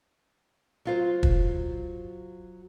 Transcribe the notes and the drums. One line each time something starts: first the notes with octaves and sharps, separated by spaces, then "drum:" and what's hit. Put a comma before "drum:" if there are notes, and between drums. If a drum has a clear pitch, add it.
F#3 F4 C5
drum: kick